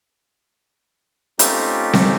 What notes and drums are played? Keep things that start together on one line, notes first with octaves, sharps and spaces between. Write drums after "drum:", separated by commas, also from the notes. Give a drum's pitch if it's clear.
A3 C4 C#4 D#4 F4 G4, drum: hi-hat
drum: snare C4